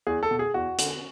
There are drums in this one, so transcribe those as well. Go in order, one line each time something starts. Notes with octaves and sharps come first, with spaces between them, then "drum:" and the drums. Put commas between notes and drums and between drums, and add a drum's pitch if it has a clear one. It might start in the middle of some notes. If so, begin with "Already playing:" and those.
E2 G#4
A4
B2
G#4
E2 F#4
D3, drum: hi-hat